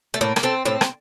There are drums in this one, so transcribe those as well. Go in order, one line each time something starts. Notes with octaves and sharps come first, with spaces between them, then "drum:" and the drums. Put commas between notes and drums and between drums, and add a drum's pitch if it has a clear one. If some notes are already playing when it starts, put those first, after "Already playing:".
A3
A2 A#3
A#3, drum: rim click
A3 C4
A2 C4
drum: rim click